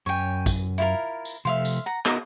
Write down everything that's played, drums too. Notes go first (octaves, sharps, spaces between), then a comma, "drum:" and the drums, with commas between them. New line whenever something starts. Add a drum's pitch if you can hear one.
F#2 C#5 G5 G#5
drum: kick, tambourine
E4 F4 A#4
drum: tambourine
C3 F3 A3 E5 F5 C6
drum: tambourine
F#5 A#5
B3 D#4 F#4 A#4 A#5, drum: clap